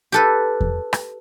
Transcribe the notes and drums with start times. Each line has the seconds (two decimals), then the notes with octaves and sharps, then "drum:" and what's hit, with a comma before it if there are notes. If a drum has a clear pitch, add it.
0.12 G4 A4 B4
0.61 drum: kick E2
0.93 drum: rim click